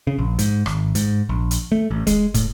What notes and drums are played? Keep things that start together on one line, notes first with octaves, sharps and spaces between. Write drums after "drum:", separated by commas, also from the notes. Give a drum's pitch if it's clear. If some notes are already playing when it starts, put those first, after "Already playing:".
C#3
A#1
G#2, drum: hi-hat
G#1, drum: rim click
G#2, drum: hi-hat
A#1
drum: hi-hat
A3
A1
G#3, drum: kick, hi-hat
A2, drum: kick, hi-hat